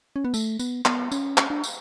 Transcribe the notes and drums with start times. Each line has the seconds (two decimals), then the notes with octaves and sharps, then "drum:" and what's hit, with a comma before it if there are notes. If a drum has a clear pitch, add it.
0.16 C#4
0.25 B3
0.34 A3, drum: tambourine
0.59 B3, drum: tambourine
0.85 B3, drum: clap
1.12 C#4, drum: tambourine
1.38 drum: clap
1.50 D4
1.64 drum: tambourine